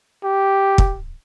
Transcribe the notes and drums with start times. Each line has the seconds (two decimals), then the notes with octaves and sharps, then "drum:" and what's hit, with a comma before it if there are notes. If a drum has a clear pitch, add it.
0.24 G4
0.78 drum: kick